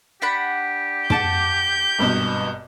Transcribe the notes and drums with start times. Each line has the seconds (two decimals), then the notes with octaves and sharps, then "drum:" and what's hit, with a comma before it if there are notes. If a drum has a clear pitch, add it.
0.22 D4 G4 F#5 B5
1.10 F#5 A5 D6 G6, drum: tom
1.99 G#1 G2 B2